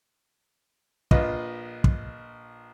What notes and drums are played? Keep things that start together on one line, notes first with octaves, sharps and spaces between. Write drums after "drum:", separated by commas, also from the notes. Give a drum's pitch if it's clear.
A#1 F4 B4 D#5, drum: kick
drum: kick